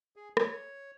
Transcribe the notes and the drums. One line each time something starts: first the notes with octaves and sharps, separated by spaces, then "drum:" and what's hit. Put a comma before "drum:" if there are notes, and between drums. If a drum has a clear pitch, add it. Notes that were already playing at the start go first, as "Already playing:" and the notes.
G#4
C#5, drum: rim click